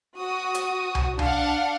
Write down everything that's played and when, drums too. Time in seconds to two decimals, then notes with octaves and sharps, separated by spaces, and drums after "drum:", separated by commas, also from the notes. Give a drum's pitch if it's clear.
0.17 F#4 D#6
0.54 drum: hi-hat
0.95 drum: tom C2
1.19 D4 F5 F#5, drum: tom C2